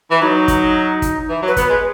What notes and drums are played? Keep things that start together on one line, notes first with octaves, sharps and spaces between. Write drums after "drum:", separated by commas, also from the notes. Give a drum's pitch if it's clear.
E3
F#3 D#4
drum: kick, hi-hat
drum: kick, hi-hat
E3
F#3
B4
B3, drum: kick, hi-hat
G#3 B4